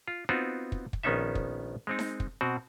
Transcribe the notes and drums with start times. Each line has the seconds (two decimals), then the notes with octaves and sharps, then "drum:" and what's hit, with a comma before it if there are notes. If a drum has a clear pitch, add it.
0.08 F4
0.29 B3 C4 D#4 F4 F#4
0.72 drum: kick
0.93 drum: kick
1.03 A#1 D#3 B3 C#4 D#4 E5
1.35 drum: kick
1.87 G#3 C4 D#4
1.99 drum: snare D#4
2.20 drum: kick
2.41 B2 C4 F#4